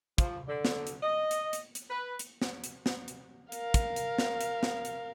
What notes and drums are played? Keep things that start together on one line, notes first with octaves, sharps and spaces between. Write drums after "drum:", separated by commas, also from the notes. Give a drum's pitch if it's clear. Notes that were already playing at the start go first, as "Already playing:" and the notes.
F3, drum: kick, hi-hat
D3
drum: snare
drum: hi-hat
D#5
drum: hi-hat
drum: hi-hat
drum: hi-hat
B4
drum: hi-hat
drum: snare
drum: hi-hat
drum: snare
drum: hi-hat
A#4 F5, drum: hi-hat
drum: kick, hi-hat
drum: hi-hat
drum: snare
drum: hi-hat
drum: snare
drum: hi-hat